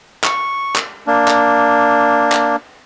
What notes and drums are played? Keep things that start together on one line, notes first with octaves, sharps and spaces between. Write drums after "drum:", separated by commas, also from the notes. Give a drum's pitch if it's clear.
C#6, drum: clap
drum: clap
A#3 D4
drum: clap
drum: clap